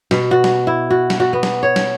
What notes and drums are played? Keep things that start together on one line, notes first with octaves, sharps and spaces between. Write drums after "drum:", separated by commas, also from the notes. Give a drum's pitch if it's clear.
B2, drum: snare
F#4
drum: snare
E4
F#4
drum: snare
F#4
B3
drum: snare
C#5
drum: snare